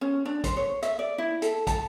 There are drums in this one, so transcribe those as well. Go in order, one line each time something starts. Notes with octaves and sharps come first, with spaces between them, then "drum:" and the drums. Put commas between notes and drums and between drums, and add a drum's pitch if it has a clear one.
C#4
D4
C5, drum: kick, hi-hat
C#5
E5, drum: hi-hat
D5
E4
A4, drum: hi-hat
A5, drum: kick, hi-hat